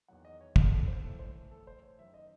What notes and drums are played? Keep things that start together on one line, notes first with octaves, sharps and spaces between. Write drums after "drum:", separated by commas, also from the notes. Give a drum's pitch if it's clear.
E2 D#3 F#3 F#5
D#5
C#5
A4, drum: kick
A4
C5
A2 E3 A4
C5
A4
C5
C#5
F#2 D#3 F#3 E5
D#5